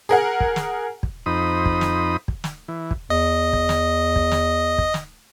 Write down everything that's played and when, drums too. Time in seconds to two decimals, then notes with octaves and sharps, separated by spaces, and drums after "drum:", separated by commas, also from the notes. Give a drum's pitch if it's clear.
0.09 G#4 A#4 F#5
0.40 drum: kick
0.56 drum: snare
1.03 drum: kick
1.26 F2 D#4 C5 B5 D#6
1.66 drum: kick
1.81 drum: snare
2.28 drum: kick
2.44 drum: snare
2.68 E3
2.91 drum: kick
3.10 E2 D#5
3.53 drum: kick
3.69 drum: snare
4.16 drum: kick
4.31 drum: snare
4.78 drum: kick
4.94 drum: snare